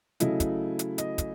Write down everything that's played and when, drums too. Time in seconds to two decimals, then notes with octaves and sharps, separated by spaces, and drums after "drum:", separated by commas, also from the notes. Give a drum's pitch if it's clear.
0.20 C#3 F#3 A3 E4 D#5, drum: hi-hat
0.40 drum: kick, hi-hat
0.79 drum: hi-hat
0.98 D#5, drum: hi-hat
1.18 drum: kick, hi-hat